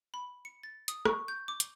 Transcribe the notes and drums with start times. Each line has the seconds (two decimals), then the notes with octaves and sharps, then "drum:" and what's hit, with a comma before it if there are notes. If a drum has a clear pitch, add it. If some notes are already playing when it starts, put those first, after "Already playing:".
0.14 B5
0.45 C#7
0.63 A6
0.88 D#6, drum: hi-hat
1.05 C#6, drum: rim click
1.28 G6
1.48 D6
1.60 drum: hi-hat